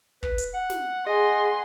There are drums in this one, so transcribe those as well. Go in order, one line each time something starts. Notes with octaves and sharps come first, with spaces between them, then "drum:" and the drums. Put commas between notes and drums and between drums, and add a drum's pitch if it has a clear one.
B4, drum: kick
drum: hi-hat
F#5
drum: snare
G#4 D#5 F#5 G#5 C6